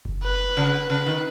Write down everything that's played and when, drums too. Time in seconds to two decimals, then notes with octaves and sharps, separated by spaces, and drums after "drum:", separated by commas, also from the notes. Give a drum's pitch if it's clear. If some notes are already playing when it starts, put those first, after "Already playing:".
0.05 drum: kick F#1
0.23 B4
0.57 C#3
0.90 C#3 B4
1.06 D#3